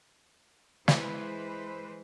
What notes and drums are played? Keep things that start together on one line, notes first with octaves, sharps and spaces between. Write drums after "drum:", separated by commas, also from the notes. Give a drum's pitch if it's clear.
E3 G#3 B4 C5, drum: snare